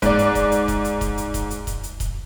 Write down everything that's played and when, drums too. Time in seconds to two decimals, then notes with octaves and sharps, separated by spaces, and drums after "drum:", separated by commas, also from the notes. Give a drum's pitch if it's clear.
0.02 G#2 D5, drum: kick D#1, hi-hat
0.19 drum: hi-hat
0.35 drum: kick D#1, hi-hat
0.52 drum: hi-hat
0.68 drum: kick D#1, hi-hat
0.85 drum: hi-hat
1.01 drum: kick D#1, hi-hat
1.18 drum: hi-hat
1.34 drum: kick D#1, hi-hat
1.50 drum: hi-hat
1.67 drum: kick D#1, hi-hat
1.83 drum: hi-hat
2.00 drum: kick D#1, hi-hat